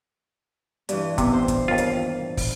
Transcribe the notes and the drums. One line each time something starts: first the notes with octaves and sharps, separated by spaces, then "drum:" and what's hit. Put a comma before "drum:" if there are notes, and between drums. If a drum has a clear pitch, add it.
G2 E3, drum: hi-hat
C3 B3, drum: kick, hi-hat
C5
drum: kick, hi-hat
D#2 F4
drum: hi-hat
drum: kick, open hi-hat